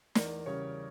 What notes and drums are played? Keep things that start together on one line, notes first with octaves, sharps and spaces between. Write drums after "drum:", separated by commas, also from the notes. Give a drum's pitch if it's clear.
E2 A#4 D5, drum: snare
C#3 G3 C#5